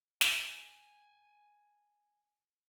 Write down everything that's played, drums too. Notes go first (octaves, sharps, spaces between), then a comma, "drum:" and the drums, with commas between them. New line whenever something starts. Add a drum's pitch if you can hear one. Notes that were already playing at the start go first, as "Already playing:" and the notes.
G#5 A5, drum: snare